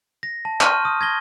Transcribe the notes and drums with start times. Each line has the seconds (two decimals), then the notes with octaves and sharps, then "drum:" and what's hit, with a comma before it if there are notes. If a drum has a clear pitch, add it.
0.23 A#6
0.45 A5
0.61 A5 C6 C#6 F6 G6 D#7, drum: clap
0.85 D#6
1.01 G#6 A#6 G7